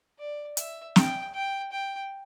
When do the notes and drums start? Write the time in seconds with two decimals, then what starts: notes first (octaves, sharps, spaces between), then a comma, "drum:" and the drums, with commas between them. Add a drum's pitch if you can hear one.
0.19 D5
0.57 E5, drum: hi-hat
0.96 G5, drum: snare
1.34 G5
1.72 G5